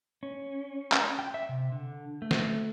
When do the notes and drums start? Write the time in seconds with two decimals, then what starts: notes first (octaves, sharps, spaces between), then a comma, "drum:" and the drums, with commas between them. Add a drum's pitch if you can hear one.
0.23 C#4
0.92 drum: clap
1.19 G5
1.34 E5
1.49 C3
1.72 D3
2.22 A3
2.31 drum: snare